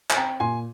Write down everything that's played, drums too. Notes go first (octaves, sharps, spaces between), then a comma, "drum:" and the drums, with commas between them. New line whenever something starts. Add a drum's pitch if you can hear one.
G#5, drum: clap
C4 G5 A#5
A#2 G#5 C6